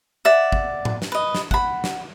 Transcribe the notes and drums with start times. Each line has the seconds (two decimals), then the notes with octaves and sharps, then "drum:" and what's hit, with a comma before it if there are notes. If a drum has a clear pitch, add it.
0.25 D5 E5 F#5
0.52 drum: kick
0.85 drum: tom A2
1.02 drum: snare
1.12 B4 D#5
1.35 drum: snare
1.51 F#5 B5, drum: kick
1.84 drum: snare